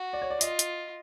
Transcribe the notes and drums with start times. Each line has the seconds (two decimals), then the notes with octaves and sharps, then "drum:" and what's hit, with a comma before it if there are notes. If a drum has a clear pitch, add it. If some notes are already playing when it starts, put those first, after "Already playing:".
Already playing: F#4
0.13 D5
0.22 C#5
0.30 D5
0.41 F4 D#5, drum: hi-hat
0.59 drum: hi-hat